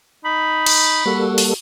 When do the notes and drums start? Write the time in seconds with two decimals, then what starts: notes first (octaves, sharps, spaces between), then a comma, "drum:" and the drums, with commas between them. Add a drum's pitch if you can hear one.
0.25 D#4 B5
0.66 drum: cymbal
1.06 G3 A#3 F#4 A4
1.38 drum: open hi-hat